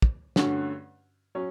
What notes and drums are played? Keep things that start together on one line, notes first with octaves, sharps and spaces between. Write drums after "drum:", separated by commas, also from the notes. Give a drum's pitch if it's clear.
drum: kick
G2 D3 A3 C#4 F#4, drum: snare
F#3 C#4